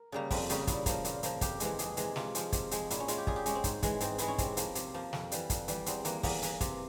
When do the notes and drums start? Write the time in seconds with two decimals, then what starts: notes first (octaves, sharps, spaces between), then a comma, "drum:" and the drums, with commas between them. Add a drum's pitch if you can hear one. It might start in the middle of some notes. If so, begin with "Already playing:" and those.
Already playing: A#4
0.12 C#3 G3 A#3
0.31 F2 C4, drum: kick, open hi-hat
0.49 C#3 G3 A#3, drum: hi-hat
0.67 A#2 E4, drum: kick, hi-hat
0.86 F3 A#3, drum: kick, hi-hat
1.05 A#2, drum: hi-hat
1.23 F3 A#3, drum: hi-hat
1.41 F2 G4, drum: kick, hi-hat
1.60 C3 E3 G#3, drum: hi-hat
1.79 F2 G#4, drum: hi-hat
1.97 C3 E3 G#3, drum: hi-hat
2.16 C3 F4, drum: snare
2.35 F3 G#3, drum: hi-hat
2.52 C3, drum: kick, hi-hat
2.71 F3 G#3, drum: hi-hat
2.90 A#2 E4, drum: hi-hat
3.00 C#4
3.08 G#3 F4, drum: hi-hat
3.18 G4
3.27 A#2 G#4, drum: kick
3.36 G4
3.46 G#3 C#4, drum: hi-hat
3.55 C4
3.64 G#2, drum: kick, hi-hat
3.83 E3 G#3, drum: kick, hi-hat
4.00 G#2 C4, drum: hi-hat
4.18 E3 G#3 E4, drum: hi-hat
4.28 C#4
4.38 C3 C4, drum: kick, hi-hat
4.57 F3 A#3, drum: hi-hat
4.75 C3, drum: hi-hat
4.94 F3 A#3
5.13 F2, drum: snare
5.32 E3 G3, drum: hi-hat
5.50 F2, drum: kick, hi-hat
5.68 E3 G3, drum: hi-hat
5.86 E2 C4, drum: hi-hat
6.05 E3 A#3, drum: hi-hat
6.23 E2 A#3, drum: kick, open hi-hat
6.42 E3 A#3, drum: hi-hat
6.61 C3, drum: kick, hi-hat